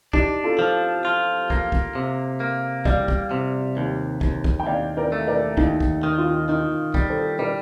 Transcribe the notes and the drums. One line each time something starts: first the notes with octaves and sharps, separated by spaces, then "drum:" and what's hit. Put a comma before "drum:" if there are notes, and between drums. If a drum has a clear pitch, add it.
D4 D#4 G4, drum: kick
F4 A4
F3
F4
A#3, drum: kick
drum: kick
C3
A#3
G3 D5 F5, drum: kick
drum: kick
C3
D#2
D#2, drum: kick
drum: kick
G5
D#2 D5 F5
A#4 D5
A3
A#4 D5
D#2 D#4, drum: kick
drum: kick
D#3
F4
D#3 D#4
G3, drum: kick
A4 C5
G3 A#4 D5